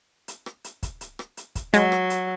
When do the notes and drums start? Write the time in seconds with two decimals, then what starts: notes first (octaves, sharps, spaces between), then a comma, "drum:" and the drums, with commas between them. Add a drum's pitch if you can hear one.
0.28 drum: hi-hat
0.46 drum: rim click
0.64 drum: hi-hat
0.83 drum: kick, hi-hat
1.01 drum: hi-hat
1.19 drum: rim click
1.37 drum: hi-hat
1.55 drum: kick, hi-hat
1.74 F#3 G#3, drum: hi-hat
1.92 drum: rim click
2.10 drum: hi-hat